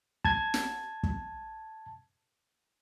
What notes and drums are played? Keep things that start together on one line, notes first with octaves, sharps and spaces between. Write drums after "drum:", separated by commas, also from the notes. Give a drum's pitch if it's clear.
A5 G#6, drum: kick
drum: snare
drum: kick